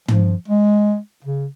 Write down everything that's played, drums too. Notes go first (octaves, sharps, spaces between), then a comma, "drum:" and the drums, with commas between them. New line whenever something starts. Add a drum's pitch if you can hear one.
F3, drum: tom
G#3
C#3